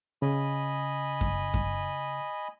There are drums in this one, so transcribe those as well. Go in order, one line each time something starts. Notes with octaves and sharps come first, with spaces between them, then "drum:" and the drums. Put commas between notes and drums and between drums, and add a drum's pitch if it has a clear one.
C#3 D#5 G#5 B5
drum: kick F#2
drum: kick F#2